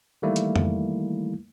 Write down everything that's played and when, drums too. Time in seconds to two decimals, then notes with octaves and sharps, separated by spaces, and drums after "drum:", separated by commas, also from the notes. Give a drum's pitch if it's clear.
0.22 D#3 E3 G3 A3 A#3 E4
0.36 drum: hi-hat
0.56 drum: tom F2